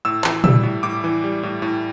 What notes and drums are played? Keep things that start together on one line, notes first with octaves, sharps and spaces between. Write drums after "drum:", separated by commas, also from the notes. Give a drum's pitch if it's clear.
A2 E6
E3, drum: clap
G3 E6, drum: tom A#2
A2
A2 D6
E3
G3
A2
A2